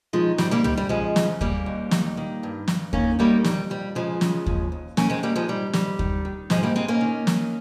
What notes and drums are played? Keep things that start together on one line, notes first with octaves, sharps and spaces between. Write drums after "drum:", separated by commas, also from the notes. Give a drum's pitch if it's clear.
D#3 F3 G#3
G#2 G3, drum: snare
G3 A#3
G#2 G3, drum: tom
G3
C#3 F3 G#3
C#3, drum: snare
D#2 G3 A#3, drum: kick D#2
D#2
D#3, drum: snare
D#3
G2
G2, drum: snare
D#3 A#3 C#4, drum: kick D#2
D#3 G3 A#3
F2 G3, drum: snare
F2 G3
C#3 F3 G#3
C#3, drum: snare
D#2, drum: kick D#2
D#2
D#3 A#3 C#4, drum: snare
G#3 C4
D#3 G3 A#3
F3 G#3
G#2 G3
G#2 G3, drum: snare
D#3, drum: kick D#2
D#3
G#2 F3 G#3, drum: snare
G3 A#3
G#2 G#3 C4
A#3 C#4
D#3
D#3, drum: snare